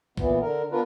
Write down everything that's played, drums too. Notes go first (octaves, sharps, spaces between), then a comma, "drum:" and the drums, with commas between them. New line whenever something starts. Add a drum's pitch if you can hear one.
A#2 E3 B3, drum: kick
D3 A#4
B3 D4 F4 A#4 B4